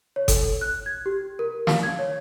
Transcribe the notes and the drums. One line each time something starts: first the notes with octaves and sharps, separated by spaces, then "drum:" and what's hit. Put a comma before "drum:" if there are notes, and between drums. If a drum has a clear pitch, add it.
C#5
A4, drum: kick G1, hi-hat
F#6
G#6
G4
A#4
F5, drum: snare
G#6
C#5